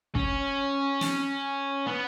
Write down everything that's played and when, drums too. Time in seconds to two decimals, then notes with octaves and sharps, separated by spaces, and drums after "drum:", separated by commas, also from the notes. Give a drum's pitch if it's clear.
0.15 C#4, drum: kick
1.01 drum: snare
1.87 B3